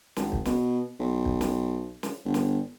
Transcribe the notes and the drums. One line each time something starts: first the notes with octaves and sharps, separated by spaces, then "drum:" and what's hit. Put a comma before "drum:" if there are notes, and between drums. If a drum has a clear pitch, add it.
G#1, drum: snare
drum: kick
B2, drum: snare
B1
drum: kick
drum: snare
drum: snare
G1
drum: snare